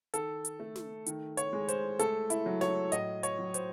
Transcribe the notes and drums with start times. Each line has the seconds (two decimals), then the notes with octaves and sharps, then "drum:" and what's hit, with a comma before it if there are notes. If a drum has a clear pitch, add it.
0.14 D#3 A4, drum: hi-hat
0.45 drum: hi-hat
0.60 A3
0.76 drum: snare
1.06 D#3, drum: hi-hat
1.37 C#5, drum: hi-hat
1.53 G#3
1.68 C5, drum: hi-hat
1.99 A3 A4, drum: hi-hat
2.30 E4, drum: hi-hat
2.46 F#3
2.61 C#5, drum: snare
2.92 A2 D#5, drum: hi-hat
3.23 C#5, drum: hi-hat
3.39 F#3
3.54 C5, drum: hi-hat